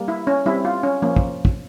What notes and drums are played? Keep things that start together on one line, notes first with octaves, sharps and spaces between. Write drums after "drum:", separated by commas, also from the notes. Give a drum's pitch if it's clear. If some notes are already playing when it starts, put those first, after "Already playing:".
Already playing: G3 A#3
E4
C#4
G3 C4 E4
F4
C#4
F3 A#3 C#4
drum: kick
drum: kick